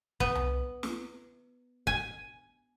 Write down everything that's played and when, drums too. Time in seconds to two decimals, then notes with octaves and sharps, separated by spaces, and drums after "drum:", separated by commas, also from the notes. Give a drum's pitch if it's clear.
0.20 B3, drum: kick
0.35 drum: tom C2
0.83 drum: snare
1.87 G#5, drum: kick